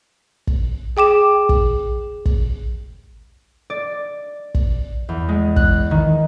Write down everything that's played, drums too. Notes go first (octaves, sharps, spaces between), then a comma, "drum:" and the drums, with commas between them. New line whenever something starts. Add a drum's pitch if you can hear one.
drum: kick
G#4 G5 D6 E7
drum: kick
drum: kick
D5
drum: kick
E2
G#3
F#6, drum: kick
D#3